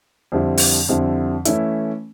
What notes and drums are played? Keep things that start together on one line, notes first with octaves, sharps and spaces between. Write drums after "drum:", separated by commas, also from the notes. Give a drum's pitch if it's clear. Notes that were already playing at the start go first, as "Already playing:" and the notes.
F2 D3 G3 C4 E4
drum: open hi-hat
F2 D3 G3 C4 E4
E3 A3 C#4 E4, drum: hi-hat